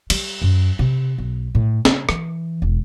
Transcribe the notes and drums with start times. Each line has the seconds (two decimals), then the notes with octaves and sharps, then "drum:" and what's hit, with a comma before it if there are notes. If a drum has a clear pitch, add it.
0.10 G3, drum: cymbal
0.42 F#2
0.79 C3
1.18 B1
1.55 A2
1.85 C#3, drum: snare
2.09 E3, drum: rim click
2.62 E1